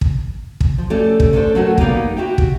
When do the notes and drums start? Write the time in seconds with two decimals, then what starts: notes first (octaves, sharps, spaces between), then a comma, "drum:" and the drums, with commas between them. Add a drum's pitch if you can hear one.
0.01 drum: kick
0.60 drum: kick
0.78 F3
0.90 G3 A3 C#4 A4
1.20 drum: kick
1.33 C#4 D4 G4 A4 C5
1.55 F#3 A3 C#4 F#4 A#4
1.78 G3 A#3 B3 D#4 G4, drum: kick
2.17 F#4 G4 E5 G5
2.38 drum: kick